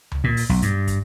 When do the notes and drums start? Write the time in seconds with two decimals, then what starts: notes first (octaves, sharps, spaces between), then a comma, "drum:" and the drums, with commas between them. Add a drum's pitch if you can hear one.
0.12 drum: tom C#2
0.24 A#2
0.37 drum: open hi-hat
0.49 B1
0.62 G2, drum: hi-hat
0.87 drum: kick, hi-hat